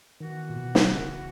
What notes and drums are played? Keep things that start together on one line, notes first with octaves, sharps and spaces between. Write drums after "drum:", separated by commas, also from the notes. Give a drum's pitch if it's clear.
D#3 E3 B3 F#4
A#2
B2
drum: snare
C#3